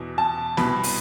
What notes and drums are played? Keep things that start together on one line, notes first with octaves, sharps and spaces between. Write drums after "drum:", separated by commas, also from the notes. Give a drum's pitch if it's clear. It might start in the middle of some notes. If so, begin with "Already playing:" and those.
Already playing: E2 B2
A5
C2 B2 B5, drum: snare B3
drum: open hi-hat